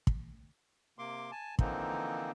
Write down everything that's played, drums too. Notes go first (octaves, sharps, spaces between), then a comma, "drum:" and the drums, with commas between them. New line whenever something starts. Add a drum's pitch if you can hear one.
drum: kick
C3 A#3 C6 D6
G#5 A5
D3 E3 F3 A#3 C4 D#4, drum: kick